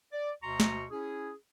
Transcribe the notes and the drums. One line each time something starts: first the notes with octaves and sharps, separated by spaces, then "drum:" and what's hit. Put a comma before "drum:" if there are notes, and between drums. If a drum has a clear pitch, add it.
D5
D2 B2 F#4 A#5 C6 C#6
drum: snare
C#4 E4 G#4